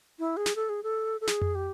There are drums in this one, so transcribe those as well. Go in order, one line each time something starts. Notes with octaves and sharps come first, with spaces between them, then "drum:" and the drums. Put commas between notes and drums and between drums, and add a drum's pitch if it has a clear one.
E4
G#4
drum: snare
A4
G#4
A4
A4
G#4, drum: snare
drum: tom F2
G4